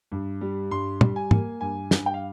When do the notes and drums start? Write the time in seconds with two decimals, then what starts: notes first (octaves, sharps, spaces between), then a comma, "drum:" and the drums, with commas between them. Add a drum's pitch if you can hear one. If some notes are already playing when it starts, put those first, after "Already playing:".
0.12 G2
0.41 G3
0.71 G2 C6
1.01 G3, drum: tom
1.16 G#5
1.31 A#3, drum: tom
1.61 G2 G#5
1.91 G2, drum: snare
2.06 G5
2.14 F5